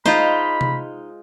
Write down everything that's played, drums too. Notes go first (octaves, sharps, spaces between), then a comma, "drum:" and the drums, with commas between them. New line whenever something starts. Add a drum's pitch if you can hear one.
G#3 D#4 F4 C5 B5, drum: snare A3
drum: tom C3